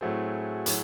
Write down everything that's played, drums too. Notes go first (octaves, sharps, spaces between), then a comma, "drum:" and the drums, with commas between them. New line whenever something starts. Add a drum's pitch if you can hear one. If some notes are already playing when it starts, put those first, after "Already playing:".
A2 F#3 A3 C4 F#4 G#4
A2 F#3, drum: hi-hat